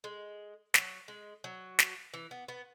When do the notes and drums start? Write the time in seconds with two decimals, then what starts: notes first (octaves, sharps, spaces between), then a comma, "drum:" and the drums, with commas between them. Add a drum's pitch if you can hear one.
0.04 G#3
0.74 F#3, drum: snare
1.08 G#3
1.44 F#3
1.79 drum: snare
2.14 E3
2.31 B3
2.48 B3